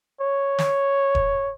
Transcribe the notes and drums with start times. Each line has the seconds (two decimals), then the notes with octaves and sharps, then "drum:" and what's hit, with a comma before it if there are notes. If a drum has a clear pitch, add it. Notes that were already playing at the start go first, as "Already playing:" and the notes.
0.21 C#5
0.59 drum: snare
1.15 drum: kick D#1